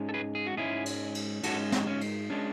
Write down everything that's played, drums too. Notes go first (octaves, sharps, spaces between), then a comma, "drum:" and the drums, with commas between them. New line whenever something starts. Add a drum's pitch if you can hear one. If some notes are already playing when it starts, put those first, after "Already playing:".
Already playing: G#2 G#3 C#4
A4
G#4 B4
G#4
F#4
G#2 G#3 C#4 E4 G#4
drum: cymbal
drum: cymbal
G#2 G#3 C#4 F#4 A4, drum: cymbal
drum: snare
C#4
drum: cymbal
G#3 C#4 D4